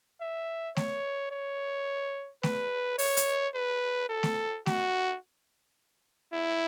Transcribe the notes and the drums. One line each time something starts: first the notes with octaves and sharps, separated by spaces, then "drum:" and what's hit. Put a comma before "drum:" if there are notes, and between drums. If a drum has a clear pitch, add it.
E5
C#5, drum: snare A3
C#5
B4, drum: snare A3
C#5, drum: open hi-hat
drum: hi-hat
B4
A4
drum: snare A3
F#4, drum: snare A3
E4